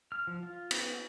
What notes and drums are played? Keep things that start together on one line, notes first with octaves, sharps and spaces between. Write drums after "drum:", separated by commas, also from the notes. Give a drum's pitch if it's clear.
F6
F3
F4
B3, drum: cymbal